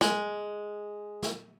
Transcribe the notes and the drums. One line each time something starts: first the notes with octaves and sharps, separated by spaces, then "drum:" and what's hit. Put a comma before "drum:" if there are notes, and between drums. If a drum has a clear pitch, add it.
G#3, drum: snare
drum: snare